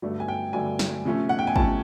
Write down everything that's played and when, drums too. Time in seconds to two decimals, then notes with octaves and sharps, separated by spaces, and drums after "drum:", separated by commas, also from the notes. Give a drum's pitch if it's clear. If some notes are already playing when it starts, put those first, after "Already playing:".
0.02 G2 D3 F#3 A3 D4
0.20 G#5
0.28 G5
0.53 G2 D3 F#3 A3 D4 G#5
0.79 drum: snare
1.05 C3 F3 A3 C#4
1.29 F#5
1.39 G5
1.47 G#5
1.56 C3 F3 A3 C#4 A5, drum: kick G#1